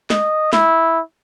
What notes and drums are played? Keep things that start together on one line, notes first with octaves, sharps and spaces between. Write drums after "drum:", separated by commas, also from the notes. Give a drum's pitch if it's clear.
D#5, drum: snare
E4, drum: snare